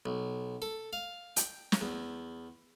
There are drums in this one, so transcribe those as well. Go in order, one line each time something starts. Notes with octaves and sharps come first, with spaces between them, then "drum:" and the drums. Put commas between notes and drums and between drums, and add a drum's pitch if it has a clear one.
B1
A4
F5
G5, drum: hi-hat
drum: snare
E2